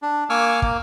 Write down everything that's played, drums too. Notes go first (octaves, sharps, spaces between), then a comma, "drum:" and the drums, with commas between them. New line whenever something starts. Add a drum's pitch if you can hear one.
D4
A#3 G#5 C#6 D6 E6 F6
A#3, drum: kick